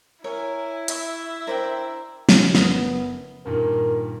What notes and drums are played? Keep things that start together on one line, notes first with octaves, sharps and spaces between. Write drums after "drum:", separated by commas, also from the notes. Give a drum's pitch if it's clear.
E4 A#4 C#5 G#5
E5 B5 C#6, drum: hi-hat
D4 A#4 C5 D5 G5
drum: snare
F#1 B3 D#6 G7, drum: snare
G2 A#2 D#3 A#4